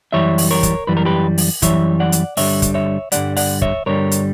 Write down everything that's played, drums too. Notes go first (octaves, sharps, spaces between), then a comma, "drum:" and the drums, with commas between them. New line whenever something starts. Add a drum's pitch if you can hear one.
F#2 E3 G3 C#5 E5
drum: open hi-hat
A#4 C#5
drum: kick, hi-hat
F#2 E3 G3 B4
A#4
G4 B4
drum: open hi-hat
F#2 E3 G3 C#5 E5, drum: kick, hi-hat
D5 F#5
drum: hi-hat
G2 D3 G3 C#5 E5, drum: open hi-hat
drum: kick, hi-hat
C#5 E5
G2 D3 G3 D5 F#5, drum: hi-hat
D5 F#5, drum: open hi-hat
C#5 E5, drum: kick
G2 D3 G3 A#4 C#5
drum: hi-hat